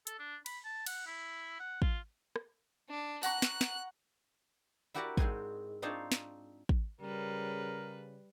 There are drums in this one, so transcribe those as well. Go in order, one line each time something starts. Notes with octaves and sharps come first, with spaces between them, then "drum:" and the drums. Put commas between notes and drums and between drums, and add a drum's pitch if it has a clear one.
A4, drum: hi-hat
D4
B5, drum: cymbal
A5
F#5, drum: cymbal
E4
F#5
F4, drum: kick
drum: rim click
D4
F#5 A#5 C#6 F#6, drum: tambourine
drum: snare
drum: snare
E4 F#4 G4 A#4 D5 F#5
G#2 G#3 C4 G#5, drum: kick
C4 D4 D#4 F4 C5 C#5
drum: snare
drum: kick
C#3 G3 A#4 B4